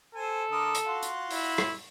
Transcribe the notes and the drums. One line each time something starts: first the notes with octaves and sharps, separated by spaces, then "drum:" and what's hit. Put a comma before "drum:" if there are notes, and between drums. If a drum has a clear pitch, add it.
A4 C5 G#5
D3 A#4 D#6
drum: hi-hat
F4 F#4 C6
drum: hi-hat
E4, drum: open hi-hat
drum: rim click